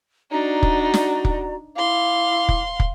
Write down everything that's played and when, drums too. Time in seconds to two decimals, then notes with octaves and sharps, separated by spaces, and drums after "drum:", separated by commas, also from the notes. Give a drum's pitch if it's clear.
0.32 D4 D#4 F#4 D5 A#5
0.63 drum: kick
0.94 drum: snare
1.25 drum: kick
1.76 E4 F5 C6 D6
2.49 drum: kick
2.80 drum: kick